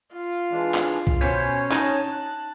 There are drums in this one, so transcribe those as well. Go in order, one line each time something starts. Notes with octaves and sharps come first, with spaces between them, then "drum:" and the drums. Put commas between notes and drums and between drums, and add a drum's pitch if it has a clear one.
F4
E3 G#3 D4
drum: clap
drum: kick B1
B2 C#4 C5 C#5
D#4 A5, drum: clap
F#6